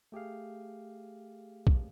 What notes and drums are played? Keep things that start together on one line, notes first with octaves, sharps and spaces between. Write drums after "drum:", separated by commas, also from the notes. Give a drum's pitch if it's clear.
A3 G4 G#4 F5
drum: kick A#1